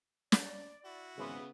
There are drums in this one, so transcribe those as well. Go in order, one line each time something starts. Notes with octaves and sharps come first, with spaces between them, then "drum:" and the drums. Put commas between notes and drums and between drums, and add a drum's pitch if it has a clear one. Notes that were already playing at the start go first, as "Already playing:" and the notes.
D5, drum: snare
E4 F#4
G#1 C#3 E3 B3 C5 B5